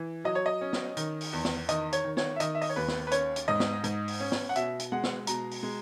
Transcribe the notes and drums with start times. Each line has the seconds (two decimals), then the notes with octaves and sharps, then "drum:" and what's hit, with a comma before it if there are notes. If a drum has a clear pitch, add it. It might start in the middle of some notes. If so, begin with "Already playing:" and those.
Already playing: E3
0.24 F#3 D#5
0.35 C#5
0.46 D#5
0.61 C#4
0.73 drum: snare
0.97 D#3, drum: hi-hat
1.21 drum: open hi-hat
1.33 E2
1.45 drum: snare
1.69 D#3 D#5, drum: hi-hat
1.93 C#5, drum: hi-hat
2.04 D#3
2.17 C#5, drum: snare
2.36 E5
2.40 D#3 D#5, drum: hi-hat
2.55 E5
2.61 D#5, drum: open hi-hat
2.69 C#5
2.76 D#2 B4
2.88 drum: snare
3.07 B4
3.11 C#4 C#5, drum: hi-hat
3.36 drum: hi-hat
3.48 G#2 D#5
3.60 drum: snare
3.84 G#2, drum: hi-hat
4.08 drum: open hi-hat
4.20 C#4
4.32 drum: snare
4.49 F#5
4.56 B2 E5, drum: hi-hat
4.80 drum: hi-hat
4.92 G#3 F#5
5.03 drum: snare
5.27 B2 A#5, drum: hi-hat
5.51 drum: open hi-hat
5.63 G#3